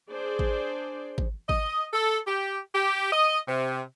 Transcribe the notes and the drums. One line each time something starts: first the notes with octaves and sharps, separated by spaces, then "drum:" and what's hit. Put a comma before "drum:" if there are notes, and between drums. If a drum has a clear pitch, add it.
D4 G#4 C5 D5
drum: kick G#1
drum: kick G#1
D#5, drum: kick G#1
A4
G4
G4
D#5
C3